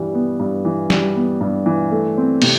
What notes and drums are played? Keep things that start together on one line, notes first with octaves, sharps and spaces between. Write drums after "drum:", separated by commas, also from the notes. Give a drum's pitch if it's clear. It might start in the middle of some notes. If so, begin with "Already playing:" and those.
Already playing: G2 E3 G3
B3
G2
E3
G3, drum: snare
B3
G2
E3
A3
C4
C3, drum: cymbal